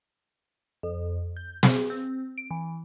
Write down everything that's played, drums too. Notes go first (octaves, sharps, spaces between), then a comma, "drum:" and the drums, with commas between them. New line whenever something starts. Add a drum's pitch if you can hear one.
F2
G6
G#4, drum: snare
C4
D7
E3